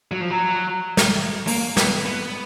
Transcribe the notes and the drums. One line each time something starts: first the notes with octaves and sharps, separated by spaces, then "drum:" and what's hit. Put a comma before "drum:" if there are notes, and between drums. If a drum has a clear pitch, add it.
F#3
F3
F#3
drum: snare
A#3, drum: open hi-hat
B3, drum: snare
B3